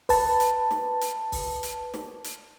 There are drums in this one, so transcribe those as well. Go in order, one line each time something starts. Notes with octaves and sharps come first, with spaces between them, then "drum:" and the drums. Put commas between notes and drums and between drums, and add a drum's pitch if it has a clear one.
B4 A5, drum: kick, open hi-hat
drum: hi-hat
drum: snare
drum: hi-hat
drum: kick, open hi-hat
drum: hi-hat
drum: snare
drum: hi-hat